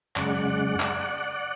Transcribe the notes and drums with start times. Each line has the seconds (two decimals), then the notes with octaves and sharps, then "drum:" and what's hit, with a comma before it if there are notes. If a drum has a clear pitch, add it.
0.16 F#2 C#3 G#3 D5 F#5, drum: clap
0.80 drum: clap